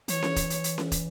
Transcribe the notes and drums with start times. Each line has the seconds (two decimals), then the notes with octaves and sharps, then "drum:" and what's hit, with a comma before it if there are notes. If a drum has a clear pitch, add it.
0.08 E3 C#5, drum: hi-hat
0.22 drum: snare C#4
0.36 drum: kick, hi-hat
0.50 drum: hi-hat
0.64 drum: hi-hat
0.78 drum: snare C#4
0.92 drum: kick, hi-hat